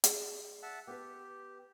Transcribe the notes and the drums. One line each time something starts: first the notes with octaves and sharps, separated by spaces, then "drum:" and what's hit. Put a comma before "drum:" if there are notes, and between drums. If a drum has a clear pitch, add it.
G#4 D5, drum: hi-hat
E5 F#5 A5
B3 G4 B4